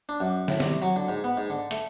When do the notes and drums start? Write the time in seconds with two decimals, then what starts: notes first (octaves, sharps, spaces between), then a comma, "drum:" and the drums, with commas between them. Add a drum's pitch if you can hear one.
0.09 D4
0.20 F#2
0.48 A2, drum: snare
0.60 C2, drum: snare
0.82 F#3
0.96 D3
1.09 G#2
1.24 B3
1.37 G#2
1.50 D3
1.71 A3, drum: hi-hat